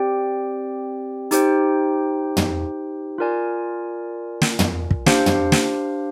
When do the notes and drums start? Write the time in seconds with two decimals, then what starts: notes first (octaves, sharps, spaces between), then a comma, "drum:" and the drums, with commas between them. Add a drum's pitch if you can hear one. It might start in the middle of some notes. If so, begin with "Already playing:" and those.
Already playing: C4 G4 D5 G5
1.31 D#4 G4 C5 G5, drum: hi-hat
2.37 drum: tom
3.18 F4 A#4 D5 G#5
4.42 drum: snare
4.59 drum: tom
4.91 drum: kick
5.06 D4 G4 C5 F5, drum: snare
5.26 drum: tom
5.52 drum: snare